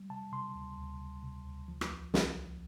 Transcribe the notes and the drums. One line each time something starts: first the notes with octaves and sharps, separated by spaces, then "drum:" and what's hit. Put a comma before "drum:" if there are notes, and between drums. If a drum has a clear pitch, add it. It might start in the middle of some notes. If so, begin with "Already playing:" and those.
Already playing: G3
C3 A5
C3 C6
D2
D2
C3
C3
D2
F3
drum: rim click
C2
C2, drum: snare
F3